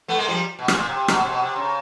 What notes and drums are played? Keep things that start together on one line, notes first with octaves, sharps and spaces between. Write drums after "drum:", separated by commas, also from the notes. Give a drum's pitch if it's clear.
A3 B3
G#3 A#3
F3 G3
B2
A#2, drum: rim click
A#2
C3
B2, drum: rim click
C3
B2
C3
C#3